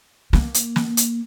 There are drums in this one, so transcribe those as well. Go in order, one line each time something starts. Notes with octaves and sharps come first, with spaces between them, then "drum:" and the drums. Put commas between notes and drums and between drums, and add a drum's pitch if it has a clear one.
A#3, drum: snare
drum: hi-hat
drum: snare
drum: hi-hat